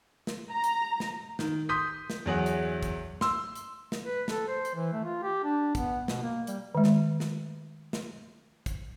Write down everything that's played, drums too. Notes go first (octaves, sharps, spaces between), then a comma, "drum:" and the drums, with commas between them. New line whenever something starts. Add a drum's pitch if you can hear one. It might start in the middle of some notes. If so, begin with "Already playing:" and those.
drum: snare
A#5
drum: hi-hat
drum: snare
D#3, drum: snare
C6 D#6 G6 B6
drum: snare
E2 F#3 G#4 F#5
drum: hi-hat
drum: kick, hi-hat
C6 E6, drum: snare
drum: hi-hat
drum: snare
B4
A4, drum: snare
C5
drum: hi-hat
E3
A3
F4
G4
D4
B3, drum: kick, hi-hat
B2, drum: snare
A#3
G3, drum: hi-hat
D#3 G#3
drum: snare
drum: snare
drum: snare
drum: kick, hi-hat